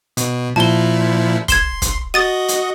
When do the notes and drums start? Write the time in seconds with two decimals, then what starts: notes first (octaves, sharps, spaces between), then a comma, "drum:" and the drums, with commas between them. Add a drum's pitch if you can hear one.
0.17 B2, drum: hi-hat
0.56 A#2 F3 E4 A5 G7
1.48 C6 G#6 E7 G7, drum: kick, hi-hat
1.82 drum: kick, hi-hat
2.14 F#4 D#5 D#6 A6 D#7
2.48 drum: hi-hat